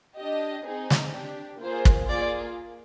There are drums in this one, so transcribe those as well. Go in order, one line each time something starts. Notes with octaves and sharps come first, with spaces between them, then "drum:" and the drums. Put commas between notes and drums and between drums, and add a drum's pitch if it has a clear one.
D4 G4 D#5
C4 D#4 G#4
drum: snare
D4 G4
A#3 F4 G#4 C5
drum: kick
A#3 F4 G#4 D5